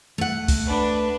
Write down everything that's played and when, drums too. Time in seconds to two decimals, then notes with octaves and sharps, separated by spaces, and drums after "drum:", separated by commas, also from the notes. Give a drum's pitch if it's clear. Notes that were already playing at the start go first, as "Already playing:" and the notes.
0.18 A3 F#5
0.48 drum: kick C#2, open hi-hat
0.68 D4 B4